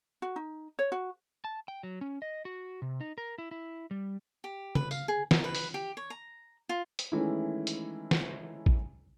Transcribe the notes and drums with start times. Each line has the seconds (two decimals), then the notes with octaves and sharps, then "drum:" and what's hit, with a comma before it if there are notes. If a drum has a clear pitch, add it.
0.22 F#4
0.36 D#4
0.79 C#5
0.92 F#4
1.45 A5
1.68 G5
1.83 F#3
2.01 C#4
2.22 D#5
2.45 F#4
2.82 C3
3.01 D#4
3.18 A#4
3.38 E4
3.51 E4
3.91 G3
4.44 G4
4.75 B4, drum: tom
4.91 F5, drum: tambourine
5.08 G#4
5.31 A#4, drum: snare
5.44 B4
5.55 drum: open hi-hat
5.74 G4
5.97 C#5
6.10 A#5
6.69 F4
6.99 drum: hi-hat
7.12 D#3 E3 G#3 A3 C#4 E4
7.67 drum: hi-hat
8.11 drum: snare
8.66 drum: kick